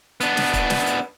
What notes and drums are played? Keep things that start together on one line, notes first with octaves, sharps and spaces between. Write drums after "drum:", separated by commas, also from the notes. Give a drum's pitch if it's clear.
B3 D4, drum: hi-hat
drum: snare
drum: kick, hi-hat
drum: snare
drum: hi-hat